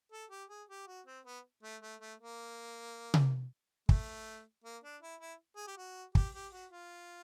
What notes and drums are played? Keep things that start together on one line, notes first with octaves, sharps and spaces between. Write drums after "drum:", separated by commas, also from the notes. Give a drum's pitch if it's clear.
A4
G4
G#4
G4
F#4
C4
B3
A3
A3
A3
A#3
drum: tom C3
A3, drum: kick
A#3
D4
E4
E4
G#4
G4
F#4
G4, drum: kick
G4
F#4
F4